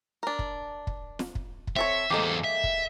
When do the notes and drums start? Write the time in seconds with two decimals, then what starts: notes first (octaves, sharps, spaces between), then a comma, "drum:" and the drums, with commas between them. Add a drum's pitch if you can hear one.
0.23 D4 A#4
0.39 drum: kick
0.87 drum: kick
1.19 drum: snare
1.35 drum: kick
1.67 drum: kick
1.76 C4 A4 C#5 E5
2.10 E2 G#3 A#3 G4 A4
2.44 E5
2.64 drum: kick